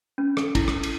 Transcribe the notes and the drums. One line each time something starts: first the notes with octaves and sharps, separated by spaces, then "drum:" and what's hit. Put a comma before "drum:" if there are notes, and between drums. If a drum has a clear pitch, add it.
C#4
A4, drum: rim click
E4, drum: kick, cymbal
drum: rim click
drum: cymbal